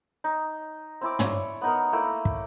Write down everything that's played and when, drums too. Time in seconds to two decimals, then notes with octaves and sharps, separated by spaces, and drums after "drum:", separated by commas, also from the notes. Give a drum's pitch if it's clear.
0.24 D#4
1.01 C4 E4 D6
1.19 C#5 D5, drum: tom
1.61 B3 D#4 A#4
1.93 A3 A#3 E4 G5
2.25 drum: kick